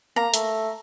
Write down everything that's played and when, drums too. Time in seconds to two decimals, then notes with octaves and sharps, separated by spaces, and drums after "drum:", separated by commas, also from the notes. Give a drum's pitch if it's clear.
0.16 A#3 A#5
0.34 A3, drum: hi-hat